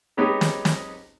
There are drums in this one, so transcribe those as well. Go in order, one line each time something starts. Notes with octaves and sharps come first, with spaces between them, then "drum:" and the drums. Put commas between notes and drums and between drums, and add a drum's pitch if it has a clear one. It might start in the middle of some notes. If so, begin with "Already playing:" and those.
G#3 B3 C#4 D#4 G4
drum: snare
drum: snare